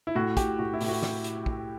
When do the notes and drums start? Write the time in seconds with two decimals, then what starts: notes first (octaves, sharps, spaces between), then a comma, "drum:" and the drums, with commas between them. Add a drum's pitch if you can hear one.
0.07 E4
0.15 A2 F#4
0.37 A2 G4, drum: kick, hi-hat
0.59 A2 F#4
0.73 E4
0.81 A2, drum: open hi-hat
0.88 F#4
1.03 drum: snare
1.24 drum: hi-hat
1.46 drum: kick